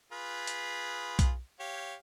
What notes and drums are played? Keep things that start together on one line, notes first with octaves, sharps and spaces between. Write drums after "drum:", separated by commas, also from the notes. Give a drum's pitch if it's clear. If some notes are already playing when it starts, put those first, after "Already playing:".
F4 G#4 B4
drum: hi-hat
drum: kick B1, hi-hat
G4 C#5 F5